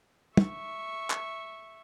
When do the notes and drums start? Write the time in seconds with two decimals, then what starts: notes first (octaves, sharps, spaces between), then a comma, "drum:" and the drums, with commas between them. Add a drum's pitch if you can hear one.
0.37 E5 C#6, drum: tom
1.10 drum: clap